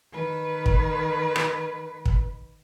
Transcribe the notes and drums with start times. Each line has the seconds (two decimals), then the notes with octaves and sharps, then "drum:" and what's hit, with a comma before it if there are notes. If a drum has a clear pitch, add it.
0.13 D#3 B4
0.66 drum: kick
1.36 drum: rim click
2.06 drum: kick